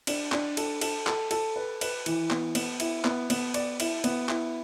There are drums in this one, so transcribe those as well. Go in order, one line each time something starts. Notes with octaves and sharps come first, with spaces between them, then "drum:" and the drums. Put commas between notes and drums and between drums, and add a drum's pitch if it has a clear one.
D4, drum: cymbal
D4, drum: clap
A4, drum: cymbal
A4, drum: cymbal
A4, drum: clap
A4, drum: cymbal
B4
B4, drum: cymbal
E3, drum: cymbal
B3, drum: clap
B3, drum: cymbal
E4, drum: cymbal
B3, drum: clap
B3, drum: cymbal
D5, drum: cymbal
E4, drum: cymbal
B3, drum: cymbal
E4, drum: clap